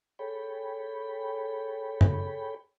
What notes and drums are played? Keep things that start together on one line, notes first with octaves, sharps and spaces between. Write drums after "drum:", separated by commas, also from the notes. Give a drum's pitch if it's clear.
G#4 A4 C#5 G5 B5
drum: tom